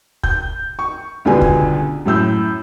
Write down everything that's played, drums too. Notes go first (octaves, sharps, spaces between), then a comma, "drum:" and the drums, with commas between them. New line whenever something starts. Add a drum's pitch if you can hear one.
G6, drum: kick
C#6
C#2 B2 D3 G3 B3 G#5
drum: kick
F#2 A2 E6 G6